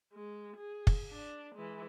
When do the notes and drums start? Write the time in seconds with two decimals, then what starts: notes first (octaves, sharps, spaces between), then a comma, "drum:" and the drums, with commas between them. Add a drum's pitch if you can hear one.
0.13 G#3
0.57 G#4
0.87 drum: kick
1.11 D4
1.55 E3 G#3